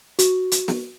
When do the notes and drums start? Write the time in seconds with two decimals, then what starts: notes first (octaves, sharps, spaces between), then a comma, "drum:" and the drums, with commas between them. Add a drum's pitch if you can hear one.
0.19 F#4, drum: hi-hat
0.52 drum: hi-hat
0.68 drum: snare